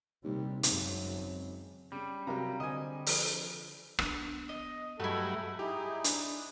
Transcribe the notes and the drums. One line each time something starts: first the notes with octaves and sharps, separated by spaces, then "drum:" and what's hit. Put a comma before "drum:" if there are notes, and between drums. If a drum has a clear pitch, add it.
D#2 C3 G3
G#1 F#2 C#3, drum: hi-hat
C#3 G3
C3 F#3 G4 A#4 F5 A#5
D3 C4 D#5 G#5 D#7
F3, drum: open hi-hat
B3 D4, drum: rim click
D#5
G2 F#3 G#3 A3 E4 A4
D#4 E4 G4 G#4
D4, drum: hi-hat